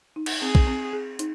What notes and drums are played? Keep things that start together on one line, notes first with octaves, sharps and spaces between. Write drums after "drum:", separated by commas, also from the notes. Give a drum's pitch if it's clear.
D#4
drum: cymbal
C4 G#4
drum: kick
C4
G#4
D#4, drum: hi-hat